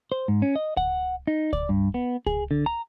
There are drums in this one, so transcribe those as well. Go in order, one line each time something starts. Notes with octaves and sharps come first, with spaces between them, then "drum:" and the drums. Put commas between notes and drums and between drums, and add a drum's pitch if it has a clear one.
C5
G#2
C#4
D#5
F#5, drum: kick C#2
D#4
D5, drum: kick C#2
G2
B3
G#4, drum: kick C#2
D3
A#5